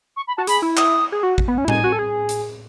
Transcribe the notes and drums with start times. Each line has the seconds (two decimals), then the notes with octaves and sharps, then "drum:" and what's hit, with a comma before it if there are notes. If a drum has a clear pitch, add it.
0.16 C#6
0.27 B5
0.37 F#4 A5
0.47 G#4 B5, drum: hi-hat
0.62 E4
0.77 D#6, drum: clap
1.12 G#4
1.23 F#4
1.38 drum: kick A1
1.48 B3
1.58 C#4
1.65 E4
1.68 D#4 G#5, drum: tom A2
1.84 F#4
1.92 A4
1.99 G#4
2.29 drum: hi-hat